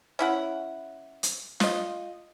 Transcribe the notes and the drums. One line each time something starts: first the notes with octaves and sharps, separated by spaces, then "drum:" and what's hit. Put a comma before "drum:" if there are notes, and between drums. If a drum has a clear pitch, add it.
C#4 E4 F#5
drum: hi-hat
F4 D#5, drum: snare